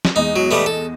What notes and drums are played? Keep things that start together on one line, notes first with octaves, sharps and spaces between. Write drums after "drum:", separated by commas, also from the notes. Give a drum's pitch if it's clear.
drum: snare
E2 G#3 D#4 D#5
F#3
G3 A3 B3
A4